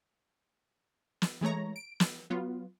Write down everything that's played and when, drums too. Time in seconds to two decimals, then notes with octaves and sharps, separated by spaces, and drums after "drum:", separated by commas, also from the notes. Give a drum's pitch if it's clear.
1.22 drum: snare
1.41 E3 G#3 A3 C#5 A#5
1.76 D7
2.00 drum: snare
2.30 F#3 B3 F4